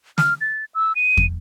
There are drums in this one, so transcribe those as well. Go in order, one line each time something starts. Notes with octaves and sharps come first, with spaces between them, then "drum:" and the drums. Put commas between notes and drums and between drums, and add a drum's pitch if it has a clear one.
F6, drum: snare
A6
E6
D#7
drum: kick